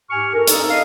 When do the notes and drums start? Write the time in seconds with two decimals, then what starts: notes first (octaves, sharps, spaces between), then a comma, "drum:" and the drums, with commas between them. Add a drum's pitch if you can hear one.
0.09 G#2 G4 G#5 C#6 F6
0.34 A4 A#4
0.47 D#4 A4, drum: hi-hat
0.69 A4 D#5 F5